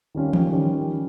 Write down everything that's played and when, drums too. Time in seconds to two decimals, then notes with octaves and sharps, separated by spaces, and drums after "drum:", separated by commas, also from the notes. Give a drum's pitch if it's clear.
0.15 D#3 G3 C#4 F4
0.33 drum: tom E3
0.52 D#3 G3 C#4 F4